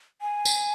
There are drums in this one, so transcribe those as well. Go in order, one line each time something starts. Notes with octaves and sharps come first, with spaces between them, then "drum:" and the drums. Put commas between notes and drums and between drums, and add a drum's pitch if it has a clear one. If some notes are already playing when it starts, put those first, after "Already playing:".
G#5
drum: tambourine